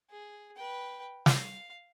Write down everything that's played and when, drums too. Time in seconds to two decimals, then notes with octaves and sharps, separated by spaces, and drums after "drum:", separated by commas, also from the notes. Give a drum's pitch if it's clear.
0.11 G#4
0.56 B4 G5
1.26 F5, drum: snare